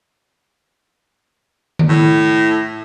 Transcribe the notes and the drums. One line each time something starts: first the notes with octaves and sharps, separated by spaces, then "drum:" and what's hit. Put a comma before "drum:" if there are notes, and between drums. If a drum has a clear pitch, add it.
drum: tom D#3
A2